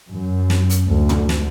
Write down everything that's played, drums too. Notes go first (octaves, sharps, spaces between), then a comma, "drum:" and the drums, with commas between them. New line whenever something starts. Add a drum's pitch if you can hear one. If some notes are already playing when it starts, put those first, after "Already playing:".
F#2
drum: snare
drum: hi-hat
D2
drum: tom
drum: snare